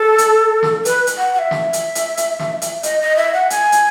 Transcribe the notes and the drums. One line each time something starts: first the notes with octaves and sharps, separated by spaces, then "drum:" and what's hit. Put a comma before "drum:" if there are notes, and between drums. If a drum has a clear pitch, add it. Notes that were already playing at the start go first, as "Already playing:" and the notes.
Already playing: A4
drum: hi-hat
drum: snare
B4, drum: hi-hat
drum: hi-hat
F#5
F#5
E5
drum: snare
drum: hi-hat
drum: hi-hat
drum: hi-hat
drum: snare
drum: hi-hat
D#5, drum: hi-hat
D#5
E5
F#5
G#5, drum: hi-hat
drum: hi-hat